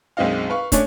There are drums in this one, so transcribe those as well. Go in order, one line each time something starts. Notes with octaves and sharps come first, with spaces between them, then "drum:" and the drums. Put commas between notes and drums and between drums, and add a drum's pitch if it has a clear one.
B1 F#2 G#3 C4 D#5 F5
B4 F5 C#6
A3 C#4 D4 C#5 D5, drum: kick, hi-hat